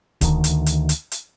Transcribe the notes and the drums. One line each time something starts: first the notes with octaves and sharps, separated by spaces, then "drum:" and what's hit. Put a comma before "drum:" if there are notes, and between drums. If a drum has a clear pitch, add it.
D2 D#3, drum: kick D1, hi-hat
drum: hi-hat
drum: hi-hat
drum: hi-hat
drum: hi-hat